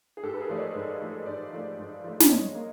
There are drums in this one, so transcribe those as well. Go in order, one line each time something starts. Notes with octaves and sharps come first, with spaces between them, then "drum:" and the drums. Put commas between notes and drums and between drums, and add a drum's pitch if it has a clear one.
G#4
G#2 G4 A4
B4
G#4 A#4
F3 A3 D5
C#5 D#5
G#2
F3 A3
G#2 C5 D5
F3 A3
G#2
F3 A3
drum: snare
G#2 C#5 D#5
A#3